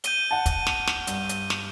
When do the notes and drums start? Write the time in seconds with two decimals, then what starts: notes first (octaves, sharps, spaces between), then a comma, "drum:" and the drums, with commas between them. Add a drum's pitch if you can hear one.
0.04 G6 D#7 G7, drum: hi-hat
0.31 F#5 A5
0.46 drum: kick, hi-hat
0.67 drum: snare
0.87 drum: snare
1.07 G2, drum: hi-hat
1.29 drum: hi-hat
1.50 drum: snare